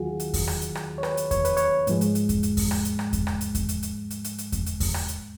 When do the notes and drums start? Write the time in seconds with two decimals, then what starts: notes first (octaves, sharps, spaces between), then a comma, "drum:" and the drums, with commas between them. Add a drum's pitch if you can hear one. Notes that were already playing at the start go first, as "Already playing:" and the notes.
Already playing: D#2 D#3 F#3 F4 F#4 G#4
0.20 drum: hi-hat
0.33 drum: kick E2, open hi-hat
0.47 drum: rim click
0.61 drum: hi-hat
0.75 drum: rim click
0.98 C#5
1.03 B4, drum: rim click
1.17 drum: hi-hat
1.31 C#5, drum: kick E2, hi-hat
1.45 B4, drum: hi-hat
1.57 C#5, drum: hi-hat
1.87 G#2 F3 G#3, drum: hi-hat
2.01 drum: hi-hat
2.15 drum: hi-hat
2.29 drum: kick E2, hi-hat
2.43 drum: hi-hat
2.57 drum: kick E2, open hi-hat
2.71 drum: rim click
2.85 drum: hi-hat
2.99 drum: rim click
3.13 drum: kick E2, hi-hat
3.27 drum: rim click
3.41 drum: hi-hat
3.55 drum: kick E2, hi-hat
3.69 drum: hi-hat
3.83 drum: hi-hat
4.10 drum: hi-hat
4.24 drum: hi-hat
4.38 drum: hi-hat
4.52 drum: kick E2, hi-hat
4.66 drum: hi-hat
4.80 drum: kick E2, open hi-hat
4.94 drum: rim click
5.08 drum: hi-hat